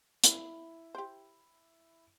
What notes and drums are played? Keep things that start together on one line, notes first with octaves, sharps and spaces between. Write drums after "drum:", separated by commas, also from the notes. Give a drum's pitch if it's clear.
E4, drum: hi-hat
G4 C5